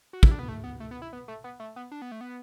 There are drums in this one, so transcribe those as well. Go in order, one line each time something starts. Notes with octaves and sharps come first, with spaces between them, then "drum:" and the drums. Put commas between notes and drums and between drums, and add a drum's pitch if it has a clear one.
F#4
E4, drum: kick
D4
B3
A3
B3
A3
B3
E4
B3
A3
B3
A3
B3
D4
B3
A3
B3